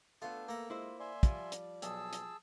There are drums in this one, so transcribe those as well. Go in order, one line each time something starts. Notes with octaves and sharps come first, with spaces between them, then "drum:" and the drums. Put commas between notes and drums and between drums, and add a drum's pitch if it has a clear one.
A3 B3 D4 F4
A#3 A4 F#5 A#5 E6
G#3 E4 F4 C5
D5 E5 G#5 C6
F3 G3, drum: kick, hi-hat
drum: hi-hat
B1 G#4 A5 E6, drum: hi-hat
drum: hi-hat